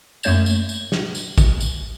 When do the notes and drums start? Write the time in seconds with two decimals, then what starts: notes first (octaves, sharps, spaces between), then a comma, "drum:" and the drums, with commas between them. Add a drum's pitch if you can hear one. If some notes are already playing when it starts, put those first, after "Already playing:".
0.23 F#2 A3 A#3 C#5 G6 E7, drum: tambourine
0.46 drum: tambourine
0.69 drum: tambourine
0.92 drum: snare
1.15 drum: tambourine
1.38 drum: kick, tambourine
1.60 drum: tambourine